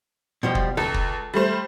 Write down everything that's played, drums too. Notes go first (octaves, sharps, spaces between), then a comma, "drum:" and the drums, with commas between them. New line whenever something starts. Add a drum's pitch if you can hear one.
B2 F3 G3
drum: kick
C#2 A4
drum: kick
G3 A3 C5